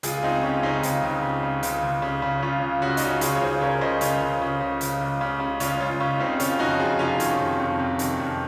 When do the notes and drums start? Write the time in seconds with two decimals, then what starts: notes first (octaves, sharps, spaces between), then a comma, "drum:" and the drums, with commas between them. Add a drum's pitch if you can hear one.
0.03 C#2 F4 G#4, drum: hi-hat
0.23 C#2 C4 D#4
0.43 C#3 C#4
0.63 C#3 C4 D#4
0.83 C#2, drum: hi-hat
1.03 C#2
1.23 C#3
1.43 C#3
1.63 C#2, drum: hi-hat
1.83 C#2
2.02 C#3
2.22 C#3
2.42 C#2 C#4 F4
2.62 C#2
2.82 C#3 F#4
2.89 F4
2.97 D#4, drum: hi-hat
3.02 C#3 C#4 F4
3.21 C#2 F4 G#4, drum: hi-hat
3.36 C#5
3.41 C#2 G#4 C5
3.61 C#3 A#4 C#5
3.81 C#3 C5 D#5
4.01 C#2 C#4 F4, drum: hi-hat
4.21 C#2
4.42 C#3
4.61 C#3
4.81 C#2, drum: hi-hat
5.01 C#2
5.21 C#3
5.40 C#3
5.60 C#2 C#4 F4, drum: hi-hat
5.80 C#2 C#4 F4
6.00 C#3 C#4 F4
6.20 C#3 C4 D#4
6.40 D#3 C#4 F4, drum: hi-hat
6.59 F2 D#4 F#4
6.79 F2 F4 G#4
6.99 C3 C#4 F4
7.20 D#3, drum: hi-hat
7.40 F2
7.60 F2
7.79 C3
7.99 D#3, drum: hi-hat
8.20 F2